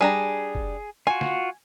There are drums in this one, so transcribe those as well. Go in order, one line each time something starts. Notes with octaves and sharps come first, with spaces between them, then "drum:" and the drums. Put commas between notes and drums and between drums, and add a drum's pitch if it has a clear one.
G3 D4 G#4 A#5
drum: kick
F4 F#4 G#5
drum: snare